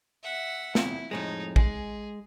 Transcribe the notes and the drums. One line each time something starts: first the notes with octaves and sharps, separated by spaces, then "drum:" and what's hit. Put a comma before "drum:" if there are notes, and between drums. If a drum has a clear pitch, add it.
E5 F#5
E2 C4 E4, drum: snare
F2 A2 G#3 D#4
G#3 G#4, drum: kick A1